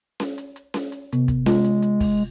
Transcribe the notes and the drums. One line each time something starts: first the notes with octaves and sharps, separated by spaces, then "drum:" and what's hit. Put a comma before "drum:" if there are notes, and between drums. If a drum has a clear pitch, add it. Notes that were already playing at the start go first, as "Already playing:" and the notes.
drum: snare C#4
drum: hi-hat
drum: hi-hat
drum: snare C#4
drum: hi-hat
C3 B3, drum: hi-hat
drum: kick, hi-hat
G#3 F4, drum: snare C#4
drum: hi-hat
drum: hi-hat
drum: kick, open hi-hat